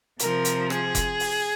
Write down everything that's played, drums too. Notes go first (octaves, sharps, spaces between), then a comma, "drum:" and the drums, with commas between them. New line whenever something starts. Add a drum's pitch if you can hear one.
C3 F3 A#4, drum: hi-hat
drum: hi-hat
G#4, drum: rim click
drum: kick F1, hi-hat
drum: open hi-hat